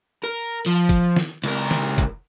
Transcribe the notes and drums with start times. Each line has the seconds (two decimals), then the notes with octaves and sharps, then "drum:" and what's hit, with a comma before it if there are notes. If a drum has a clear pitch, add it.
0.24 A#4
0.66 F3
0.89 drum: kick, hi-hat
1.16 drum: snare
1.44 C#2 A#4, drum: hi-hat
1.71 drum: snare
1.98 drum: kick, hi-hat